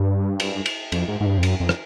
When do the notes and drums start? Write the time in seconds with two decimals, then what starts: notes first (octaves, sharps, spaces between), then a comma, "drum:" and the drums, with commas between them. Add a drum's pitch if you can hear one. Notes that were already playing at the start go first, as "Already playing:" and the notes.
Already playing: G2
0.40 drum: cymbal
0.66 drum: cymbal
0.92 F2, drum: cymbal
1.08 G#2
1.20 G#2
1.26 G2
1.38 F2
1.43 F#2, drum: cymbal
1.60 F2
1.69 drum: rim click